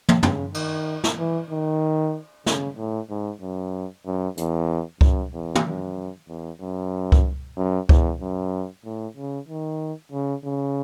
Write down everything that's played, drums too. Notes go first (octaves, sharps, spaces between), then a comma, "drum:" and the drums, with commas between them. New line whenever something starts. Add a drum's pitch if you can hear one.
drum: tom
C#3, drum: tom
D#3, drum: cymbal
drum: snare
E3
D#3
C#3, drum: snare
A2
G#2
F#2
F#2
E2, drum: hi-hat
F#2, drum: kick C#2
E2
drum: tom
F#2
E2
F#2
drum: kick C#2
F#2
E2, drum: kick C#2
F#2
A2
C#3
D#3
C#3
C#3